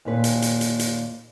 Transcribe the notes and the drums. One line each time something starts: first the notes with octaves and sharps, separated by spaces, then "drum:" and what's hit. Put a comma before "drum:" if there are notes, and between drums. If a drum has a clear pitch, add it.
D#2 A#2 B4
drum: hi-hat
drum: hi-hat
drum: hi-hat
drum: hi-hat